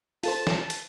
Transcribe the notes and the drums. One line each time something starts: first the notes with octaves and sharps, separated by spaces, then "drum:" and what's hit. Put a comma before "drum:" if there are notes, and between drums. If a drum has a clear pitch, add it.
F4 A4 C5 A5, drum: open hi-hat
drum: snare
drum: hi-hat